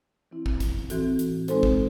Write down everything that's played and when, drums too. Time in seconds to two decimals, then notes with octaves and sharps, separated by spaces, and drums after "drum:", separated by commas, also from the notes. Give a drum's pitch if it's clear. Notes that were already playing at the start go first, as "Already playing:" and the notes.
0.31 E3 C4 E4
0.46 drum: kick
0.60 drum: kick, hi-hat
0.90 A2 E3 C4 F#4 A4, drum: hi-hat
1.19 drum: hi-hat
1.48 G#3 C4 D#4 A4 C5, drum: hi-hat
1.63 drum: kick